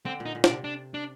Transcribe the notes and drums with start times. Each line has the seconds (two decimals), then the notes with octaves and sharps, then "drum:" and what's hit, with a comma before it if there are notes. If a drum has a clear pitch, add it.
0.05 D3 C4
0.20 A#2
0.25 D#4
0.35 A#2
0.44 D3 D4, drum: snare
0.50 C3
0.64 D4
0.94 D4